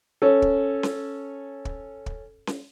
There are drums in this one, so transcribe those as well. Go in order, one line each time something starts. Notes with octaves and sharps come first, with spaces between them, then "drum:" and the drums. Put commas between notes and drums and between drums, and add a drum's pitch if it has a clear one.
C#4 A4
drum: kick
drum: snare C#4
drum: kick
drum: kick
drum: snare C#4